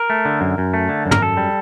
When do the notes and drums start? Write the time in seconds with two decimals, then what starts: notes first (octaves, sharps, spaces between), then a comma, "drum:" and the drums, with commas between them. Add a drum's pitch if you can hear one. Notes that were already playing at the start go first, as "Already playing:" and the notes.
Already playing: A#4
0.10 A3
0.25 D3
0.41 F#2
0.58 F#2
0.74 A3
0.89 D3
1.06 F#2
1.11 A#4, drum: tom
1.22 F#2 A4
1.37 G3